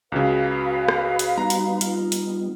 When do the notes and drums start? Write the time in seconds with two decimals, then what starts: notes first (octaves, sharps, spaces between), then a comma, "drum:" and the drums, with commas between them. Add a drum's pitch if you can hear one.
0.12 C#2 C#3 F#4 B4 F5
0.88 drum: rim click
1.19 drum: hi-hat
1.38 G3 B3 D#4 A#5
1.50 drum: hi-hat
1.81 F4, drum: hi-hat
2.12 drum: hi-hat